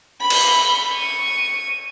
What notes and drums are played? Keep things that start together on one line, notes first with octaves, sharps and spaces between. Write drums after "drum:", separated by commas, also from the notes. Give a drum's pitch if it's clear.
B5
drum: cymbal
C#6 D#7